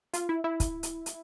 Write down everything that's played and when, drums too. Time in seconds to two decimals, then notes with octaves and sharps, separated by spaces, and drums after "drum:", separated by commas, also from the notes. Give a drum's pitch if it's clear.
0.13 F4, drum: hi-hat
0.29 E4
0.44 E4
0.60 drum: kick, hi-hat
0.83 drum: hi-hat
1.06 drum: hi-hat